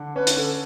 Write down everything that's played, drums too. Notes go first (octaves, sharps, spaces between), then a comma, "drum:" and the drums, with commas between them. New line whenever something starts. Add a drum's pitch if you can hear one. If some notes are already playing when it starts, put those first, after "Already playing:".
Already playing: D3
C#4 B4
drum: hi-hat
D3 A4